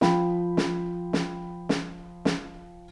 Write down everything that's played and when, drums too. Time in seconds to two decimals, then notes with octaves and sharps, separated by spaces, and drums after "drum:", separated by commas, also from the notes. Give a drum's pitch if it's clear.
0.01 F3 G5 B5, drum: snare
0.57 drum: snare
1.13 drum: snare
1.69 drum: snare
2.25 drum: snare